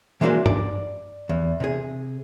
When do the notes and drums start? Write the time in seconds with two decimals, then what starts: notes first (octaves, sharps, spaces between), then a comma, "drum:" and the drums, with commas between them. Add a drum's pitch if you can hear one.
0.21 E3 G#3 A#3 D4 F#4 C5
0.46 D5, drum: tom G2
1.29 E2
1.60 C3 G#4